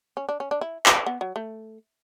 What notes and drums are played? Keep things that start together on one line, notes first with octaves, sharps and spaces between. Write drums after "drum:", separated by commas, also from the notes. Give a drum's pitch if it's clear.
C#4
D4
C#4
D4
E4
drum: clap
B3
F#3
A3